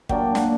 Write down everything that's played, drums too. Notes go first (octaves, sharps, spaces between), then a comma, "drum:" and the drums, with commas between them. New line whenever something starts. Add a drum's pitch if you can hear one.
A#2 F#3 A#3 D4 G5, drum: kick
F#5, drum: snare